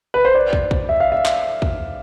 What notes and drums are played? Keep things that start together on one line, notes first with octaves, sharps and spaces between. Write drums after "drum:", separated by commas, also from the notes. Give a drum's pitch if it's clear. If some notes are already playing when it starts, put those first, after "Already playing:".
B4
C5
D5
drum: kick
drum: kick
E5
F5
E5
drum: clap
drum: kick